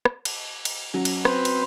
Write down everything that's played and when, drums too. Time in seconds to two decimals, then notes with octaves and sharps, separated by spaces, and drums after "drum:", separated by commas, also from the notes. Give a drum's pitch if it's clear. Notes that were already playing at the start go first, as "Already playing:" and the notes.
0.05 drum: rim click
0.25 drum: cymbal
0.65 drum: cymbal
0.94 F#3 C#4
1.05 drum: cymbal
1.25 C4 B4 C5, drum: rim click
1.45 drum: cymbal